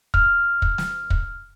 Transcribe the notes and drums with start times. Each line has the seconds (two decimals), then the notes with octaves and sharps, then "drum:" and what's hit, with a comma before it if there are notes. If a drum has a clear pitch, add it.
0.14 F6, drum: kick
0.62 drum: kick
0.78 drum: snare
1.10 drum: kick